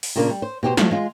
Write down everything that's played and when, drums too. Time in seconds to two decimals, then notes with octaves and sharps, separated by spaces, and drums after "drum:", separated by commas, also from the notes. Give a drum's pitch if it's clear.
0.03 drum: open hi-hat
0.16 A#2 C#3 A#3 D4 A#4
0.30 G3
0.42 C5
0.63 B2 G4 G#4 C5
0.77 F3 A3 E4 F#4, drum: snare
0.91 G#3 F4